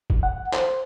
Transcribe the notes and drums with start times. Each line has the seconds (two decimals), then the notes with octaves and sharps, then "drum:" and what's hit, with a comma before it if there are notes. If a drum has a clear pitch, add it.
0.10 drum: kick
0.23 F#5
0.53 C5, drum: clap